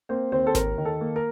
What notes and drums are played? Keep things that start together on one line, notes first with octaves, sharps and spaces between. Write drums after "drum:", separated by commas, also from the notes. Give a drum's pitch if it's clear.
A#3 C4 C5
D#2 C4 C5
A4
D#2 A#4, drum: snare G#1
D#3
A4
A#3
A#4